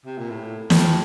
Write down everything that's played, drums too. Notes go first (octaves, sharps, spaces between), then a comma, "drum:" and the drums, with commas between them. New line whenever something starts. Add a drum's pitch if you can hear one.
C3
A#2
A2
F2, drum: snare